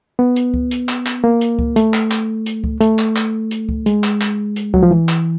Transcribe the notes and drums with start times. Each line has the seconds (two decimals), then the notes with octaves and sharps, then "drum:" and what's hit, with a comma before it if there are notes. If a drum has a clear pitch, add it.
0.19 B3
0.36 drum: hi-hat
0.54 drum: kick C#2
0.71 drum: hi-hat
0.89 drum: clap
1.06 drum: clap
1.24 A#3
1.41 drum: hi-hat
1.59 drum: kick C#2
1.76 A3, drum: hi-hat
1.94 drum: clap
2.11 drum: clap
2.46 drum: hi-hat
2.64 drum: kick C#2
2.81 A3, drum: hi-hat
2.99 drum: clap
3.16 drum: clap
3.51 drum: hi-hat
3.69 drum: kick C#2
3.86 G#3, drum: hi-hat
4.04 drum: clap
4.21 drum: clap
4.56 drum: hi-hat
4.74 F#3, drum: kick C#2
4.83 F3
4.91 E3
5.09 drum: clap